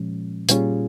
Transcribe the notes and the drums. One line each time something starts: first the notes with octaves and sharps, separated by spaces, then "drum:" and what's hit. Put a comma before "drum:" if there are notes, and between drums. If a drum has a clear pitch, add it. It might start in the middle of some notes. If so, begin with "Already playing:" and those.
Already playing: A#2 F3 G#3 C#4
A#2 G3 C#4 F4 G#4, drum: hi-hat